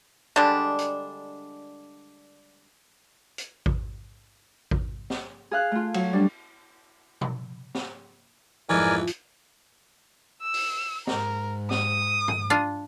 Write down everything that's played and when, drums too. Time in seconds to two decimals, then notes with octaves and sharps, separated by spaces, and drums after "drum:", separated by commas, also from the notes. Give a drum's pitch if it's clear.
0.36 D3 G3 G#3 D4
0.79 drum: hi-hat
3.38 drum: hi-hat
3.66 drum: kick A1
4.71 drum: kick A1
5.10 drum: snare
5.51 G#4 F5 F#6
5.72 A3 F4
5.94 F#3, drum: cymbal
6.13 G3 D4
7.21 drum: tom B2
7.75 drum: snare
8.69 F2 G#2 E3 F3 A#4 D5 G#5
9.07 drum: hi-hat
10.42 E6
10.54 drum: open hi-hat
11.07 G#2 A#4, drum: snare
11.71 D#6, drum: snare
12.28 drum: tom G2
12.50 D4 F4